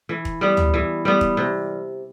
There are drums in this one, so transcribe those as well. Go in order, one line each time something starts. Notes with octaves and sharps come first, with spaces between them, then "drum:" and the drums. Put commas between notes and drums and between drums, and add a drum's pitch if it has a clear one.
E3
drum: kick E1
G3 B3
drum: tom
E3
G3 B3
drum: kick E1
C3